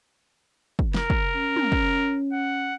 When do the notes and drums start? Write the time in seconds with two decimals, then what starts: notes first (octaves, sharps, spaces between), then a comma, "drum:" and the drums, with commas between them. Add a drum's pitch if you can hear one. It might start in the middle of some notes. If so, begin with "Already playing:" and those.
0.79 drum: kick
0.94 A#4, drum: snare
1.10 drum: kick
1.35 C#4
1.56 drum: tom
1.72 drum: kick
2.33 F#5